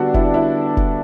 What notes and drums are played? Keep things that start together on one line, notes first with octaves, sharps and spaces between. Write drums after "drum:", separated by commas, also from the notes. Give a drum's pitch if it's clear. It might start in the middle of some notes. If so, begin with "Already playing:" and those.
Already playing: D3 G3 B3 D4 F#4 G4 A4
E4, drum: kick F1
E4
drum: kick F1